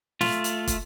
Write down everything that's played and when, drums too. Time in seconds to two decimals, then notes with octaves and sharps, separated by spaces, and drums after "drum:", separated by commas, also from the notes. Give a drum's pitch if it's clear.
0.21 A3 F4, drum: snare
0.44 drum: hi-hat
0.67 drum: kick, hi-hat